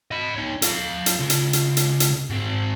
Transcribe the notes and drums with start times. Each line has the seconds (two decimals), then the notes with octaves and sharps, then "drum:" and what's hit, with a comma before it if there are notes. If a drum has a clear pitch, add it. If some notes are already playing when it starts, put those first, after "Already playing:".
0.11 D#5 B5
0.36 D#4 C#5
0.62 A4 F5, drum: hi-hat
1.06 drum: hi-hat
1.20 C#3 F4
1.30 drum: hi-hat
1.53 drum: hi-hat
1.77 drum: hi-hat
2.00 drum: hi-hat
2.30 G#2 C4